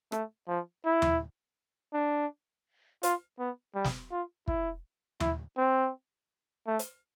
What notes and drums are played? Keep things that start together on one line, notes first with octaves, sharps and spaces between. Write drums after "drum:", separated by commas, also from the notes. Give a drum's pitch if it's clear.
A3, drum: rim click
F3
E4
drum: tom D#2
D4
F4, drum: hi-hat
B3
G3
drum: snare
F4
E4, drum: kick
E4, drum: tom D#2
C4
A3
drum: hi-hat